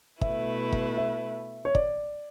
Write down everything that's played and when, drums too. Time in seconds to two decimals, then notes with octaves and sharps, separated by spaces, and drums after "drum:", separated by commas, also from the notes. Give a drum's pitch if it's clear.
0.21 B2 A3 E4 B4 E5, drum: kick
0.72 drum: kick
0.97 E5
1.65 C#5
1.75 D5, drum: kick